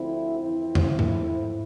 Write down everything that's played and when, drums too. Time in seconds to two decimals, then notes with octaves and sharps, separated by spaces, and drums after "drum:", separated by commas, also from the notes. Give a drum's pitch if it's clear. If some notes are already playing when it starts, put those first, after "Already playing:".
Already playing: D2 D3 F3 C4 E4
0.39 F2 E3 C4 E4
0.75 drum: tom E2
0.99 A2 F3, drum: tom G#2